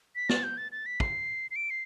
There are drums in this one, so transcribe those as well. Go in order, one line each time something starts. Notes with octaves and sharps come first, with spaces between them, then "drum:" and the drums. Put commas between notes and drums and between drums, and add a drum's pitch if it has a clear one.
B6
A6, drum: snare
G6
A6
A6
B6
C7, drum: kick
C7
D7
C7